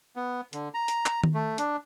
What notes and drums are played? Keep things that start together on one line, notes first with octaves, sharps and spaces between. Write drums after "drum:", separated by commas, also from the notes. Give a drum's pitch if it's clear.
B3
D3, drum: hi-hat
A#5
drum: hi-hat
drum: clap
drum: tom D#3
A3
D4, drum: hi-hat